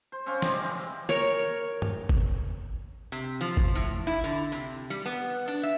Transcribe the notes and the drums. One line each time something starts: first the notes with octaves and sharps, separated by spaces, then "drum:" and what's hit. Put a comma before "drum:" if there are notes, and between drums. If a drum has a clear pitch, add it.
C5
C4 C#4 C5 F5
G3 G4 G#4 D#5, drum: snare
E3 G3
A#4 C#5
drum: tom G2
drum: kick G1
C3
F3
drum: kick G1
A2
E4
D3
C3
G3
B3
D4
E5